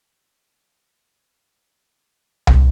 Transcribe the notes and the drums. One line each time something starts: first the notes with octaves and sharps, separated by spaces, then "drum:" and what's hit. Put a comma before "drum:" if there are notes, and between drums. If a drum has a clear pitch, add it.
A3 F4 G4 D5
F3
E3 G4 C6
C#2 G#4 F#6 G#6
E2 C#4 G#4
E2 B4 D5
drum: tom C2